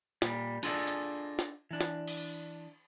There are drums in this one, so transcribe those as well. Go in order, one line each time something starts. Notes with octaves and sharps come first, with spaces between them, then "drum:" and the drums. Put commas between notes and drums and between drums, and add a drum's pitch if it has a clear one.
A#2 G3, drum: snare
D4 F4 G#4 A4 D5 D#5, drum: cymbal
drum: hi-hat
drum: snare
E3 D4
drum: snare
drum: cymbal